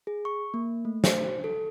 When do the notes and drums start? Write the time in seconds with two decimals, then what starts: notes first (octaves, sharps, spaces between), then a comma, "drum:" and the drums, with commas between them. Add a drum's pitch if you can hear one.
0.07 G#4
0.25 C#6
0.54 A#3
0.85 A3
1.04 C5, drum: snare
1.44 A4